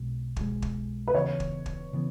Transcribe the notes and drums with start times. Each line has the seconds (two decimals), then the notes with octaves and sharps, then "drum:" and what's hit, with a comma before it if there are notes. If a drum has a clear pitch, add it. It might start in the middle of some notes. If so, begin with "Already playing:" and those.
Already playing: B1 B2 G#3
0.36 B1 B2 G#3, drum: kick
0.62 drum: kick
1.08 B4
1.14 D#2 C#3 E3 B3 C#5
1.40 drum: kick
1.66 drum: kick
1.93 C#3 E3 B3